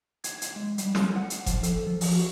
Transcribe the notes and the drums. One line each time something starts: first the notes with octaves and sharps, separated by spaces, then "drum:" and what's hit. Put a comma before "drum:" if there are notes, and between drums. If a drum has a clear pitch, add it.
G#6, drum: hi-hat
drum: hi-hat
G#3
G3, drum: hi-hat
drum: snare
F#5
drum: hi-hat
F3, drum: kick F1, hi-hat
A4, drum: hi-hat
F3
drum: open hi-hat
F#4